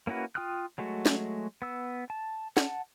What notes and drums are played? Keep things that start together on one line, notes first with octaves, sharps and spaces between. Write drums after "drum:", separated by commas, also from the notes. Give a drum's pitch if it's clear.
A#3 C#4 E4 F#4 B4
F4 G5 D#6 F6 F#6
F#3 G#3 A3 F#4
drum: snare
B3 E6
A5
F#5 A5, drum: snare